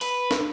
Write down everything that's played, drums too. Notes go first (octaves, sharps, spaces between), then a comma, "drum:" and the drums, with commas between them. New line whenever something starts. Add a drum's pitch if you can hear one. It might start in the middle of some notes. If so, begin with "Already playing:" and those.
B4, drum: open hi-hat
drum: snare